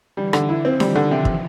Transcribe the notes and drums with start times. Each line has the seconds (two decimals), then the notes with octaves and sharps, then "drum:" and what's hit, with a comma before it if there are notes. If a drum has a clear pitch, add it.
0.17 D3 E3 G3
0.33 D3, drum: rim click
0.49 E4
0.64 D#3 F3 C4
0.80 G3, drum: snare D4
0.95 D3
1.11 C3
1.25 drum: kick